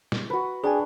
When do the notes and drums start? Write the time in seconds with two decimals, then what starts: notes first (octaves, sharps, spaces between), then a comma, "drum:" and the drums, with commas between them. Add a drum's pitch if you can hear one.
0.12 drum: snare
0.30 F#4 B4
0.64 D4 G#4 G5 G#5